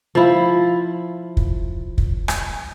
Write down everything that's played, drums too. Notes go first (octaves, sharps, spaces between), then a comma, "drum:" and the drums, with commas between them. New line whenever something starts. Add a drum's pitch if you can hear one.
F3 E4
drum: kick
drum: kick
drum: rim click